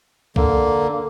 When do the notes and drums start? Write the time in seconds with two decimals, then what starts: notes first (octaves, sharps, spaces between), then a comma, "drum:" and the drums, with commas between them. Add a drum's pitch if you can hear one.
0.36 D3 A#3, drum: kick B1